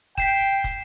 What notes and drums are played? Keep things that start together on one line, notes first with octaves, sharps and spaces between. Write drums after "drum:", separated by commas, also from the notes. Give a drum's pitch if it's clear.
G5 B6 C7 E7, drum: kick, hi-hat
drum: kick, hi-hat